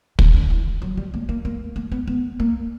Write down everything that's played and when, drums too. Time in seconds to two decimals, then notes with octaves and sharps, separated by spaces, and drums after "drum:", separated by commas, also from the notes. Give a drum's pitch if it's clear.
0.19 C#3, drum: kick
0.34 D3
0.50 E3
0.82 F#3
0.97 G3
1.14 A#3
1.29 A#3
1.45 A#3
1.76 A#3
1.92 B3
2.07 B3
2.40 A#3